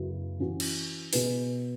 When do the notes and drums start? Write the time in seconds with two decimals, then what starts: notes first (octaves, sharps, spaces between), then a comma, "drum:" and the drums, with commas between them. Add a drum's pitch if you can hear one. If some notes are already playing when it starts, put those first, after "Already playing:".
Already playing: F#2 C#3 F#3 B3 E4
0.39 E3 C#4 F#4
0.60 drum: cymbal
1.13 B2 B3 G#4 B4, drum: open hi-hat